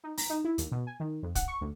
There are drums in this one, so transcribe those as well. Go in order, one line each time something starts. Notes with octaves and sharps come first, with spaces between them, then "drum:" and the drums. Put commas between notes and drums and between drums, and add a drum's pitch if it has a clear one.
D#4
A#5, drum: open hi-hat
D#4
E4
D#2, drum: hi-hat
B2
G#5
D#3
F2
F#5, drum: kick, hi-hat
C#6
D2